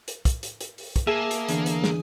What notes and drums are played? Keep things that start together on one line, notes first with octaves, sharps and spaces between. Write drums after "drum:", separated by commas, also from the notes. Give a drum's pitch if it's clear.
drum: hi-hat
drum: kick, hi-hat
drum: hi-hat
drum: hi-hat
drum: open hi-hat
drum: kick, hi-hat
A#3 G#4 E5 A5
drum: hi-hat
E2 D3, drum: hi-hat
drum: hi-hat
drum: snare